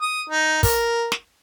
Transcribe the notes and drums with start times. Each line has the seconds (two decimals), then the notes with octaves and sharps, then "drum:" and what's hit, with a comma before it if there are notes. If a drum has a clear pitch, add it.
0.02 D#6
0.30 D#4
0.63 A#4, drum: kick, open hi-hat
1.12 drum: snare